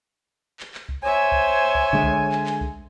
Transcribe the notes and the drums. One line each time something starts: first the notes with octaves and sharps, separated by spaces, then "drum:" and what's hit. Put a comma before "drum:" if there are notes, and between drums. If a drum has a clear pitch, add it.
drum: clap
drum: clap
drum: kick B1
C5 C#5 E5 G#5
drum: kick B1
drum: kick B1
D3 G#3
drum: kick B1
drum: clap
drum: clap
drum: kick B1